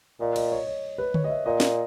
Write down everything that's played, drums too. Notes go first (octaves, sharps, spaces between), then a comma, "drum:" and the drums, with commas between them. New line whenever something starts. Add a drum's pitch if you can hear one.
A#2 D#5
D#5, drum: cymbal
C#5
C#5
B4
C#5, drum: tom D3
D#5
E5
A#2 D#5
drum: snare